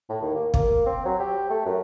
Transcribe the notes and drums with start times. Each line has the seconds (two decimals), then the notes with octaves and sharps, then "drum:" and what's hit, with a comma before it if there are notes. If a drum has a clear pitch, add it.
0.09 A2
0.22 D#2
0.35 A#3
0.54 A#3, drum: kick
0.86 C4
1.05 F#3
1.19 G4
1.50 A3
1.65 F#2